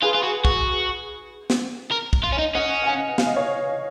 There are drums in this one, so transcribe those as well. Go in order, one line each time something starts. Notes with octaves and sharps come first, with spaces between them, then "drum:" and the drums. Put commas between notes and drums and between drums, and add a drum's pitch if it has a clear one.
F4 G#4 B4
F4
F#4
F#4, drum: kick
drum: snare
A#4
drum: kick
F4
C#4
D#4
C#4 D#5 F#5
F#5
F5 G#5
F5, drum: snare
D#5
C#5 F5